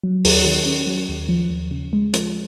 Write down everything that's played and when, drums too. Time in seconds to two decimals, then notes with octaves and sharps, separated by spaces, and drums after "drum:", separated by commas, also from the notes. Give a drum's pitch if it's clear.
0.03 F#3
0.24 D#2, drum: open hi-hat
0.46 D#3
0.66 C#4
0.87 F#3
1.09 D#2
1.29 F3
1.50 D#2
1.71 C#3
1.93 G#3
2.13 F3, drum: hi-hat